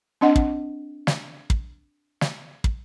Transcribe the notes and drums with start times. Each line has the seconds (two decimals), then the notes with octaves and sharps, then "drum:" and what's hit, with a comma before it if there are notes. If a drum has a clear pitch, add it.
0.21 C4 D4 D#5 F#5
0.36 drum: kick
1.07 drum: snare
1.50 drum: kick
2.21 drum: snare
2.64 drum: kick